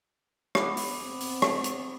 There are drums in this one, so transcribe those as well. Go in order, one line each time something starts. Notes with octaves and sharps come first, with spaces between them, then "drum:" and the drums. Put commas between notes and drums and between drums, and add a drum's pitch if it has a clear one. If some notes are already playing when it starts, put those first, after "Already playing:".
B3 D6, drum: rim click
drum: open hi-hat
C4
drum: open hi-hat
drum: rim click
drum: hi-hat